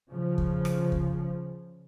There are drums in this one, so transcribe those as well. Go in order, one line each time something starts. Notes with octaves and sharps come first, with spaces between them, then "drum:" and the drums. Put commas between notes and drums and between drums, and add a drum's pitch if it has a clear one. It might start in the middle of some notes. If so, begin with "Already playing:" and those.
C#3 F3
drum: kick
drum: rim click
drum: kick